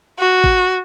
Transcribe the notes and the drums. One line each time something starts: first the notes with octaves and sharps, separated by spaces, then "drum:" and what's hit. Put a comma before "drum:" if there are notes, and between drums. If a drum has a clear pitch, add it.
F#4
drum: kick G#1